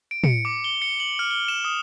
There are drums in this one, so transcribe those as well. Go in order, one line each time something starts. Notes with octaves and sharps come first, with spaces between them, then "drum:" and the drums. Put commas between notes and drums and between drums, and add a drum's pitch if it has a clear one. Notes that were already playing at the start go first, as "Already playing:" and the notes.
D7
C#7, drum: tom
D6
G7
C#7
F#7
F6
G7
E7
D#6